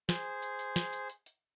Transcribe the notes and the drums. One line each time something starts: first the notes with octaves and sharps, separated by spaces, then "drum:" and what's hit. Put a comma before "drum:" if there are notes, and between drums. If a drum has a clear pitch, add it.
G#4 C5, drum: snare
drum: hi-hat
drum: hi-hat
drum: snare
drum: hi-hat
drum: hi-hat
drum: hi-hat